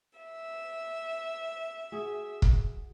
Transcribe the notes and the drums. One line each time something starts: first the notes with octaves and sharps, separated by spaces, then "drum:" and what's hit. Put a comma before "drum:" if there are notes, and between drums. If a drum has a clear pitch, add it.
E5
F#4 G#4
drum: kick